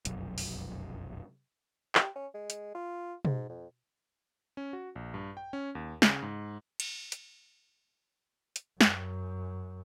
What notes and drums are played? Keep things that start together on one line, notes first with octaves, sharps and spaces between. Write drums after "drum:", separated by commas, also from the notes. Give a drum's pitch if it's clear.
F1 B1 F#2, drum: hi-hat
drum: open hi-hat
G4, drum: clap
C#4
G#3
drum: hi-hat
F4
G#2, drum: tom
F2
C#4
F#4
A#1
G2
G5
C#4
D#2
C#3, drum: snare
G#2
drum: cymbal
drum: hi-hat
drum: hi-hat
F#2, drum: snare